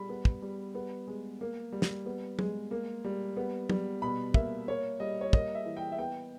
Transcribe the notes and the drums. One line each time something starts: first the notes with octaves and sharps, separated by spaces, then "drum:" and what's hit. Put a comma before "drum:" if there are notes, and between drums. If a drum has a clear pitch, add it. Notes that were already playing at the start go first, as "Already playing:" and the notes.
Already playing: G3 B5
B3
drum: kick
G3
B3
G#3
A#3
G3
drum: snare
B3
G#3, drum: tom F#3
A#3
G3
B3
G3, drum: tom F#3
B2 B5
A#3 E5, drum: kick
A#3 C#5
G3 D#5
C#5
A#3 D#5, drum: kick
E5
E3
G5
E5
B3 G5